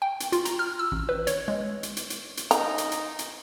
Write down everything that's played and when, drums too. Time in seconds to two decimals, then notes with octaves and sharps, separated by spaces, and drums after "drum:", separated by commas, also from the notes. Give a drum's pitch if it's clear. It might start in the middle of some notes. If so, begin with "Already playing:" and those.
0.02 G5
0.20 drum: hi-hat
0.32 F4, drum: hi-hat
0.45 A#5, drum: hi-hat
0.59 F6
0.79 E6
0.92 A1
1.09 B4
1.27 C#5, drum: hi-hat
1.48 G#3
1.83 drum: hi-hat
1.97 drum: hi-hat
2.10 drum: hi-hat
2.37 drum: hi-hat
2.51 D#4 A#5, drum: hi-hat
2.78 drum: hi-hat
2.92 drum: hi-hat
3.19 drum: hi-hat